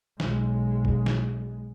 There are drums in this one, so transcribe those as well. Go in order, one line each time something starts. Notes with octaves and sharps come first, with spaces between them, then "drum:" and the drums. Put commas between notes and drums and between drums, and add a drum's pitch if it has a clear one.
B1 G#3, drum: snare
drum: kick G#1
drum: snare